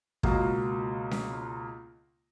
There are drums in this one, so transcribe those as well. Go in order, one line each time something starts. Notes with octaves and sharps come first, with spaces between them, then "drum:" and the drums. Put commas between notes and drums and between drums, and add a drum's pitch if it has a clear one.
C#2 B2 A#3 F4, drum: kick
drum: snare C#4